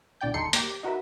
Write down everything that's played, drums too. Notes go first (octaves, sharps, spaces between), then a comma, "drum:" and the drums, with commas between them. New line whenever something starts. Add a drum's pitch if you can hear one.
C2 A#2 D3 D5 G5 G6
G1 D#2 D#4 A4 C6 C#7
A#3 G4, drum: hi-hat
D#4 F#4 A#4 B4 E5